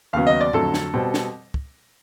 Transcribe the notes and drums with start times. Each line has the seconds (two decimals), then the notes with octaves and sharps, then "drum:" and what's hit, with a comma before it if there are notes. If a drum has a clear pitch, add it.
0.13 D#2 C#3 F#3 B3 F5
0.27 D#5
0.41 D5
0.53 F2 D3 F#3 A3 A4, drum: tom A2
0.74 drum: snare
0.94 B2 G3 C4
1.14 drum: snare
1.54 drum: kick